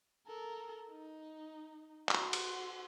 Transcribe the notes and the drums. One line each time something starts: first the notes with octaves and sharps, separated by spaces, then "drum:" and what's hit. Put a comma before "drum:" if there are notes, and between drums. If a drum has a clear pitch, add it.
A4 A#4
D#4
F#4 C6, drum: clap
drum: cymbal